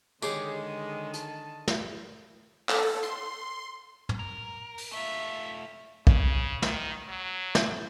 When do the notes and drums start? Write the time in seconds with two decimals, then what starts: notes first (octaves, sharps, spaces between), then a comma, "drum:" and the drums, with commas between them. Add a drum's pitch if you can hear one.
0.22 D3 D#3 G#3 G4 G#4 C#5, drum: tambourine
1.13 A5, drum: hi-hat
1.68 drum: snare
2.69 A4, drum: clap
3.03 C6, drum: hi-hat
4.09 drum: tom
4.19 A#4
4.78 drum: open hi-hat
4.92 A3 F4 E5
6.07 C#3, drum: kick
6.62 D#3, drum: snare
7.09 F#3
7.55 drum: snare